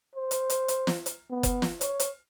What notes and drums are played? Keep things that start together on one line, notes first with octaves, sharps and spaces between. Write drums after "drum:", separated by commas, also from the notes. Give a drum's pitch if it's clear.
C5
drum: hi-hat
drum: hi-hat
drum: hi-hat
drum: snare
drum: hi-hat
B3
drum: kick F#1, hi-hat
drum: snare
C#5, drum: hi-hat
drum: hi-hat